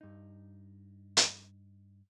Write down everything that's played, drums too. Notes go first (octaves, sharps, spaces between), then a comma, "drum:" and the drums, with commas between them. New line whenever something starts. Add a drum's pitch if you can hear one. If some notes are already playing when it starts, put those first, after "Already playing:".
G2 D#4
drum: hi-hat